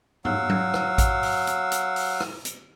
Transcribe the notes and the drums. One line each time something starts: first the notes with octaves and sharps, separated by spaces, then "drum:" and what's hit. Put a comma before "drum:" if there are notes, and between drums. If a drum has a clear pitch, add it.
F#3 F5 F#5 E6, drum: tom
drum: tom F#3
drum: rim click
drum: kick A1, hi-hat
drum: open hi-hat
drum: hi-hat
drum: hi-hat
drum: open hi-hat
drum: rim click
drum: hi-hat